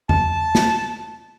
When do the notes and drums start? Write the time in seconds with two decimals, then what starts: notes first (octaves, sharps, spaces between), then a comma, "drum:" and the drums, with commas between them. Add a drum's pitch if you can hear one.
0.09 A5, drum: tom E2
0.55 drum: snare